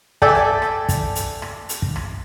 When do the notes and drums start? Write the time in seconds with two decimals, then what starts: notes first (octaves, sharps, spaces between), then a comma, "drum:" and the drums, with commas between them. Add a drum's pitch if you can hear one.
0.22 A4 D5 E5 G5 G#5, drum: kick
0.35 drum: rim click
0.62 drum: rim click
0.89 drum: kick, hi-hat
1.15 drum: hi-hat
1.42 drum: rim click
1.69 drum: hi-hat
1.82 drum: kick
1.96 drum: rim click